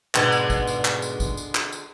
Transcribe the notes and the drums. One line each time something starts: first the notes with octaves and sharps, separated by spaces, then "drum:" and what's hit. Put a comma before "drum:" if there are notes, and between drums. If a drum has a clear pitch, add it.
G#2 B2 D3 G#3 B3, drum: clap
drum: tambourine
drum: kick A1, tambourine
drum: tambourine
drum: clap
drum: tambourine
drum: kick A1, tambourine
drum: tambourine
drum: clap
drum: tambourine